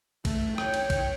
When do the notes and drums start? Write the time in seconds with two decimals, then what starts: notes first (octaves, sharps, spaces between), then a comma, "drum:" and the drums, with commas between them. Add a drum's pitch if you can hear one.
0.25 A3, drum: kick A#1, cymbal
0.58 C#5 G5, drum: rim click
0.74 drum: cymbal
0.90 drum: kick A#1, cymbal